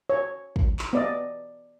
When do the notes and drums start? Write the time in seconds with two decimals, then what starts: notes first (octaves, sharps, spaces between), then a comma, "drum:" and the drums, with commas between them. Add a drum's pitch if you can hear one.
0.10 C#5
0.56 drum: kick
0.79 drum: clap
0.93 B3 D5 D#5